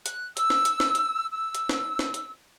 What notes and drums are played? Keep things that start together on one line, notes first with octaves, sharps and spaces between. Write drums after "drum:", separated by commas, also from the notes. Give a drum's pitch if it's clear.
F#6, drum: hi-hat
E6, drum: hi-hat
drum: snare
drum: hi-hat
drum: snare
drum: hi-hat
E6
drum: hi-hat
drum: snare
drum: snare
drum: hi-hat